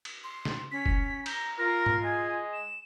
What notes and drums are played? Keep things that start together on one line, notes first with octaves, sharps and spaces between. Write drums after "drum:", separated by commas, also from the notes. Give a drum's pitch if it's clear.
drum: cymbal
C6
drum: snare
C#4 B6
drum: kick F1
A#5 G6, drum: cymbal
F4 A#4 A#6
drum: tom G#2
G#3 G#5
E7